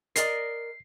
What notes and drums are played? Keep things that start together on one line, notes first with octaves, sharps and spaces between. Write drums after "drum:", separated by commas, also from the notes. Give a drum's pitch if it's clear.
A#4 D5 D#5 C7, drum: hi-hat